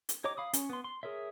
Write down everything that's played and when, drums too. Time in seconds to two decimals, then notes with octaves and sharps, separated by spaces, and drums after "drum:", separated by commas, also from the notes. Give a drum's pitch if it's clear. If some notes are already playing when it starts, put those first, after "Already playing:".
0.09 drum: hi-hat
0.24 G4 C#5 D#5 A#5 D6
0.37 F5 B5 D#6
0.53 C#4, drum: hi-hat
0.69 B3 C6
0.84 C6
1.03 G#4 A#4 C#5 E5